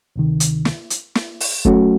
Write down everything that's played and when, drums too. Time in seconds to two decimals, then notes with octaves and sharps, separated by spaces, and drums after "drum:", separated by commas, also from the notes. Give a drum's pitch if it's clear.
0.16 D2 C3 D#3
0.40 drum: hi-hat
0.65 drum: snare
0.90 drum: hi-hat
1.15 drum: snare
1.40 drum: open hi-hat
1.65 F#3 A3 C#4 F#4, drum: kick